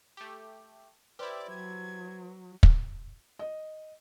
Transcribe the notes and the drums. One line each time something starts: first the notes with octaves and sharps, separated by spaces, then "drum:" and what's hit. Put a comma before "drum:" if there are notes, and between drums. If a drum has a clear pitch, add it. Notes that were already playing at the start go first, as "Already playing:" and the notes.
A3 G4
E4 G4 B4 C5 D5 C6
F#3 G#6
drum: kick
D#5